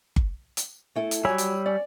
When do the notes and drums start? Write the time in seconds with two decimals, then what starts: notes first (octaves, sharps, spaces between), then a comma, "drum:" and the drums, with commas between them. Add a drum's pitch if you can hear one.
0.16 drum: kick G1
0.57 drum: hi-hat
0.95 A3 E4 A4
1.11 drum: hi-hat
1.25 F#3 G3 C#5 G#5 B5 E6
1.38 drum: hi-hat
1.66 C#4 D5